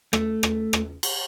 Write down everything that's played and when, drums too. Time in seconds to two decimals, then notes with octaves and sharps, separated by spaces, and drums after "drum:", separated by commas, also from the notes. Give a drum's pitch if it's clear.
0.13 A3, drum: rim click
0.43 drum: rim click
0.73 drum: rim click
1.03 drum: cymbal